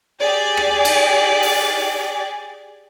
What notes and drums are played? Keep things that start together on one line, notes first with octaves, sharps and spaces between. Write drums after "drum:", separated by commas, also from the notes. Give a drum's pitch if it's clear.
G4 G#4 D5
drum: rim click
drum: cymbal
drum: open hi-hat